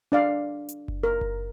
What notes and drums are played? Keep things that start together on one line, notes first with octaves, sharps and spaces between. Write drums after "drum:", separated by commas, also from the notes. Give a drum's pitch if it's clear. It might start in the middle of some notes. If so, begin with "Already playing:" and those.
D4 D5 F5
drum: hi-hat
drum: kick F#1
A#4
drum: kick F#1